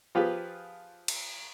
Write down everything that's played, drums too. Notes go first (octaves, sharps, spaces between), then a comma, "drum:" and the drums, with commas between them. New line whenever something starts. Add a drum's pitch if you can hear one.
F3 F4 G4 G#4 B4
drum: cymbal